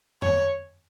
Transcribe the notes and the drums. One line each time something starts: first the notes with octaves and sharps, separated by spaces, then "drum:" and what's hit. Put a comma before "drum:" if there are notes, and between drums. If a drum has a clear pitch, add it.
C#5, drum: tom F2